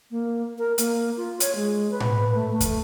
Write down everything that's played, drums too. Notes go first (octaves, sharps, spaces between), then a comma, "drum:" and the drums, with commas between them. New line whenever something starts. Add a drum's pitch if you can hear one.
A#3
A#4
A#3, drum: hi-hat
F4
C#5, drum: hi-hat
G#3
B4
drum: tom A2
A3
A3
drum: kick E2, hi-hat